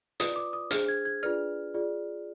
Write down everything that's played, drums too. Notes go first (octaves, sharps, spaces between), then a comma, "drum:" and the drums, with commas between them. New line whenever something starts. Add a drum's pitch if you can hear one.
F4 B4 D5 D#6, drum: hi-hat
D6
D#6
D4 G#4 C5 F6, drum: hi-hat
G#6
G#6
D4 F4 G#4 B4 D5 F6
F4 G#4 D5